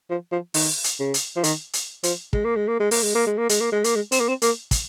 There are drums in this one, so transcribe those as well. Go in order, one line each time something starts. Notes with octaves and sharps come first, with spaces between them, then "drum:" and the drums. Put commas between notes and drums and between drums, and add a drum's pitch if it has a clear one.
F3
F3
D#3, drum: open hi-hat
drum: hi-hat
C#3
drum: hi-hat
F3
D#3, drum: hi-hat
drum: hi-hat
F3, drum: hi-hat
G#3, drum: kick
A#3
G#3
A#3
G#3
A#3, drum: open hi-hat
G#3
A#3
G#3
A#3
G#3, drum: hi-hat
A#3
G#3
A#3, drum: hi-hat
G#3
C4, drum: hi-hat
A#3
C4
A#3, drum: hi-hat
drum: kick, hi-hat